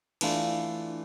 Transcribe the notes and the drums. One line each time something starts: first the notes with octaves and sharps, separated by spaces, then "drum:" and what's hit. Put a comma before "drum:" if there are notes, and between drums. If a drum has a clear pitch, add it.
E3 A3 D4 F4, drum: cymbal